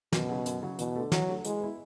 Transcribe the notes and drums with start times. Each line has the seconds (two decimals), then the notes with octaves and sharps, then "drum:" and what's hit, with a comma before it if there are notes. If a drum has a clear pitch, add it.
0.13 F#2 B2, drum: snare
0.29 C#3 F#3
0.46 F#2, drum: hi-hat
0.62 C#3 F#3
0.79 E2 B2, drum: hi-hat
0.96 D3 A3
1.12 E2 F#3, drum: snare
1.28 D3 A3
1.45 E3 G#3, drum: hi-hat
1.61 B3 E4